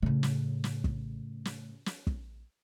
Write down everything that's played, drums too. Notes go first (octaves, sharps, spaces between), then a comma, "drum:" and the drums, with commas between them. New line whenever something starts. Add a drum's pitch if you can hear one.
A2 C#3
drum: snare
drum: snare
drum: kick
drum: snare
drum: snare
drum: kick